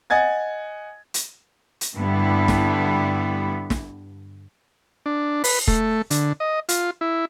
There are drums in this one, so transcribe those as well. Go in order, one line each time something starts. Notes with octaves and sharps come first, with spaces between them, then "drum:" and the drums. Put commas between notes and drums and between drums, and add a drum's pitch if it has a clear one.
D#5 F#5 G#5 G#6 A6
drum: hi-hat
drum: hi-hat
G2 D3 G3 B3 E4
drum: snare
drum: snare
D4
B4, drum: open hi-hat
A3, drum: kick
D3, drum: hi-hat
D#5
F4, drum: hi-hat
E4